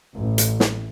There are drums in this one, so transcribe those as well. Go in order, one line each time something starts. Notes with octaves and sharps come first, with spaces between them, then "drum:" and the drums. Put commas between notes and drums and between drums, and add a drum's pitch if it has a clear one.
A1
drum: hi-hat
drum: snare